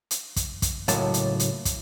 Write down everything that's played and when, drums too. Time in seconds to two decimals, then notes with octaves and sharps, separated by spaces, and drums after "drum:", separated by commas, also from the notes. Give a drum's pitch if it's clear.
0.11 drum: hi-hat
0.36 drum: kick, hi-hat
0.62 drum: kick, hi-hat
0.88 C#2 A2 F#3 A#3 A5, drum: hi-hat
1.14 drum: hi-hat
1.40 drum: hi-hat
1.65 drum: kick, hi-hat